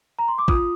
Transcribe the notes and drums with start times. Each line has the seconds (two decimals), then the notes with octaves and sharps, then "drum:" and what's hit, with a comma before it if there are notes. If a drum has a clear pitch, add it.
0.19 A#5
0.28 C6
0.38 D6
0.48 F4 D#6, drum: kick